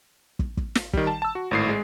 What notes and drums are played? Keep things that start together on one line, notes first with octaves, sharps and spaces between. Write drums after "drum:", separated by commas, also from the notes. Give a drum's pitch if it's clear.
drum: kick
drum: kick
drum: snare
D#3 G3, drum: kick
A5
A5 E6
F#4
G#1 A2 C7
G#3